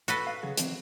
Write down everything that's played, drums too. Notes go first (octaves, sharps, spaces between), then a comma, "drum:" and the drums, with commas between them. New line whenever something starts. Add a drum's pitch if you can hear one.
F#4 A4 B4, drum: hi-hat
F5
C#3 F#3 G#4
E3 F#3 C4, drum: hi-hat